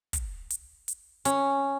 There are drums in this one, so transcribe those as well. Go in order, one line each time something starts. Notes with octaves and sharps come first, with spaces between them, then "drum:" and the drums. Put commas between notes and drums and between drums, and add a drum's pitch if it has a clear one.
drum: kick, hi-hat
drum: hi-hat
drum: hi-hat
C#4, drum: hi-hat